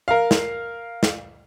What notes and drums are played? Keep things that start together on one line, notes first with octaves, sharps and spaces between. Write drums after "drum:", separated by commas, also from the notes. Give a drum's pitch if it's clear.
A#4 F5
drum: snare
drum: snare